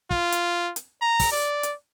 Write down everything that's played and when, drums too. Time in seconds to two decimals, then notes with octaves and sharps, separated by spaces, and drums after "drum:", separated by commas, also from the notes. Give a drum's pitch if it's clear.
0.11 F4, drum: kick
0.32 drum: hi-hat
0.76 drum: hi-hat
1.01 A#5
1.20 drum: kick, open hi-hat
1.32 D5
1.63 drum: hi-hat